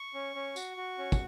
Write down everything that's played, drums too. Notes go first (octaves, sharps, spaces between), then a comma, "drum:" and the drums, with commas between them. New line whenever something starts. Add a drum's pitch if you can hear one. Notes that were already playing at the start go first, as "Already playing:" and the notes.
Already playing: C#6
C#4
C#4
F#4, drum: tambourine
F#4
C#4
drum: kick, tambourine